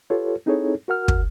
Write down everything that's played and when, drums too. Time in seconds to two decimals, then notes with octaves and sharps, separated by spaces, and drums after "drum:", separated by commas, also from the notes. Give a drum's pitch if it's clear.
0.10 F4 G4 A4 B4 C#5
0.46 C4 D#4 E4 G#4 A4 C#5
0.88 F#4 A#4 F#5 F6
1.08 drum: kick